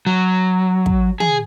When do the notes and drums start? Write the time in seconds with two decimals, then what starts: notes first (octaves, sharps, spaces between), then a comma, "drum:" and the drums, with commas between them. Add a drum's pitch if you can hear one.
0.07 F#3
0.86 drum: kick
1.20 G#4, drum: tom